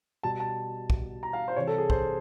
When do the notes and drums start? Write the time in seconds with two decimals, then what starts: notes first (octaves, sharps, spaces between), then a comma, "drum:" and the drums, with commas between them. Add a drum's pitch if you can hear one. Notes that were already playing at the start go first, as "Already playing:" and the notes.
0.23 B2 G3 A5
0.40 A5
0.90 drum: kick
1.23 A#5
1.33 F5
1.48 C5
1.56 C3 E3 G3 C#5
1.67 A4
1.78 G#4
1.90 C5, drum: kick